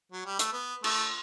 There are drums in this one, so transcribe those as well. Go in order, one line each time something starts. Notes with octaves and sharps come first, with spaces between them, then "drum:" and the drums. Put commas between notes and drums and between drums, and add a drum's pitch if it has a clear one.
F#3
G3
A3, drum: hi-hat
B3
A3, drum: cymbal